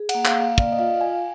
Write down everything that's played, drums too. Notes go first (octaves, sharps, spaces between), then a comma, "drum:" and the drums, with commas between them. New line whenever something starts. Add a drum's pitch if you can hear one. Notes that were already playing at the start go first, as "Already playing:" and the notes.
Already playing: G#4
F#5, drum: cymbal
A#3
F5, drum: clap
A#3 F5
D5 F5, drum: kick
D#5
F4 F5
F5 G#5